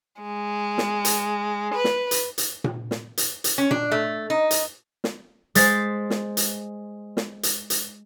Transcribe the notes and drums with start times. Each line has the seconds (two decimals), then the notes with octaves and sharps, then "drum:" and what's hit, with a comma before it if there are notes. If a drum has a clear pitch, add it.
0.21 G#3
0.78 drum: snare
1.05 drum: hi-hat
1.73 B4
1.84 drum: snare
2.11 drum: hi-hat
2.38 drum: hi-hat
2.64 drum: tom A#2
2.91 drum: snare
3.17 drum: hi-hat
3.44 drum: hi-hat
3.58 C#4
3.71 D4, drum: tom A#2
3.92 A3
4.30 D#4
4.51 drum: hi-hat
5.04 drum: snare
5.55 G#3 C5 A6 B6 C7, drum: hi-hat
6.10 drum: snare
6.37 drum: hi-hat
7.17 drum: snare
7.43 drum: hi-hat
7.70 drum: hi-hat